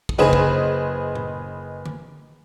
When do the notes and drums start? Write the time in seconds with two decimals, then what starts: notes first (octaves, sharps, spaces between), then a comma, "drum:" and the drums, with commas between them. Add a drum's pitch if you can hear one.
0.09 drum: kick
0.18 F#1 G#4 B4 C5 D#5 E7
0.33 drum: kick
1.15 drum: tom
1.86 drum: tom D3